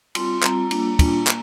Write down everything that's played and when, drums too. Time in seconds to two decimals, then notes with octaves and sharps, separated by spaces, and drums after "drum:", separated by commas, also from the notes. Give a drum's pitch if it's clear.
0.15 G3 C4 F4 C6, drum: cymbal
0.43 G3 C4 F4 A#5, drum: clap
0.71 G3 A#3 D4 F4, drum: cymbal
0.99 G3 A#3 D4 F4, drum: kick, cymbal
1.27 A#3, drum: clap